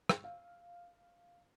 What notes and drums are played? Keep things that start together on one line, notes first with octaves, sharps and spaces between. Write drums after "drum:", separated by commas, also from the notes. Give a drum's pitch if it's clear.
drum: rim click
F5